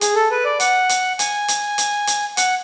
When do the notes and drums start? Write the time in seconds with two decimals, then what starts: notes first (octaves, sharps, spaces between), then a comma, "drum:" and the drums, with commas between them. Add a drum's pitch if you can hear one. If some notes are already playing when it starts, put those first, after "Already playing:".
0.01 G#4, drum: hi-hat
0.15 A4
0.31 B4
0.45 D5
0.60 F#5, drum: hi-hat
0.89 drum: hi-hat
1.19 G#5, drum: hi-hat
1.48 drum: hi-hat
1.78 drum: hi-hat
2.07 drum: hi-hat
2.37 F#5, drum: hi-hat